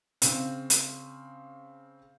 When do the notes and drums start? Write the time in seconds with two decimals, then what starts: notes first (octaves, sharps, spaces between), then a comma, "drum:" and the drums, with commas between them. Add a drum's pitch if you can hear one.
0.22 C#3 C4, drum: hi-hat
0.70 drum: hi-hat